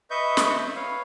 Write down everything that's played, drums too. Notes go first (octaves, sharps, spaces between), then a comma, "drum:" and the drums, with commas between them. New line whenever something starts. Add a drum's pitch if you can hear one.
B4 D#5 E5 C#6 G6
drum: snare
B4 C#5 F5